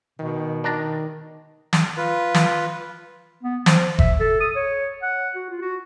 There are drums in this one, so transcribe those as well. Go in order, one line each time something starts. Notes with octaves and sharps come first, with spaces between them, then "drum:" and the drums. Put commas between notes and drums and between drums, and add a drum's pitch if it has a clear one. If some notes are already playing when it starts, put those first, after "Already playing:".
B2 D#3
D#3 D4 D5 A#5
drum: snare
F4 B4
drum: snare
B3
F3, drum: snare
E5, drum: kick F#1
A4
D#6
C#5
F#5
F#4
F4
F#4